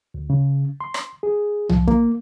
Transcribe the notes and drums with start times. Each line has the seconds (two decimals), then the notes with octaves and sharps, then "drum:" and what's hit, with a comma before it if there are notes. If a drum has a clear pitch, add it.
0.14 D2
0.30 C#3
0.81 C6
0.94 drum: rim click
1.23 G#4
1.69 F3, drum: tom
1.88 A#3, drum: kick